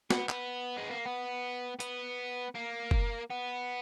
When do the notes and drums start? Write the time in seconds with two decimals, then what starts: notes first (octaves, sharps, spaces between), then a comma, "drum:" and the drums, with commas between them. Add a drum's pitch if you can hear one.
0.10 B3, drum: snare
0.29 B3, drum: clap
0.77 G#3
0.91 A#3
1.05 B3
1.80 B3, drum: hi-hat
2.55 A#3
2.91 drum: kick
3.30 B3